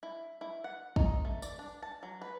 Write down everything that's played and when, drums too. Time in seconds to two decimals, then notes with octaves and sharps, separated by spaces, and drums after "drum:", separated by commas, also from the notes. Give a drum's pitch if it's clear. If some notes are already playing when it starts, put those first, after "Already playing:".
0.03 E4
0.41 E4
0.64 F#5
0.96 D#4, drum: kick
1.25 A3
1.42 D5, drum: tambourine
1.59 D4
1.82 A5
2.03 F#3
2.22 B4